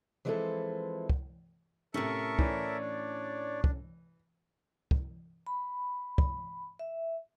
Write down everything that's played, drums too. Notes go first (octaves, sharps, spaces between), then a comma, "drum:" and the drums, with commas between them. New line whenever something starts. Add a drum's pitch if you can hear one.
E3 F3 G#3 C4 E4 A4
drum: kick
A2 C3 C#4 A4 A#4 E5 C#6
E3 C#5 D5, drum: kick
D4
drum: kick
drum: kick
B5
drum: kick
E5